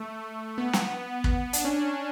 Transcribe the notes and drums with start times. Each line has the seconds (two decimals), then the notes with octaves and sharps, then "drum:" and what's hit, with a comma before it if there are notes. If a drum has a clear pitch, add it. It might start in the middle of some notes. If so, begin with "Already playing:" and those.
Already playing: A3
0.58 B3
0.73 drum: snare
1.24 drum: kick
1.53 D4, drum: hi-hat
1.65 C#4
1.75 D4